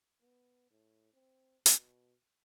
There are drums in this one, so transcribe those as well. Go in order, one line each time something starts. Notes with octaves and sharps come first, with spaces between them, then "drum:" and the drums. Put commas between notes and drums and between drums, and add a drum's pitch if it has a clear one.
B3
A2
C4
B2, drum: hi-hat